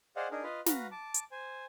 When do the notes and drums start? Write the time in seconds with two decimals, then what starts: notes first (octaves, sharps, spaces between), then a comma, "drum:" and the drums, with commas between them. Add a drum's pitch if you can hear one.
0.16 G#4 C5 D5 D#5 F5 F#5
0.31 D4 D#4 G#4 A#4
0.43 F4 B4 D#5 F5
0.66 F#4 B4 F5 A#5, drum: snare
0.91 A5 D6
1.14 drum: hi-hat
1.31 C5 G#5